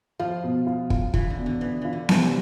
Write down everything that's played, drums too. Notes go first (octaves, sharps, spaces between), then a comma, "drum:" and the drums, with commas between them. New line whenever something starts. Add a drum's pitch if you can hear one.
F3 F4
B2
F4
F4, drum: kick
E3 F4, drum: kick
D3
B2
D3
E3 B3
E3 F4
D3
C3 E3, drum: snare B3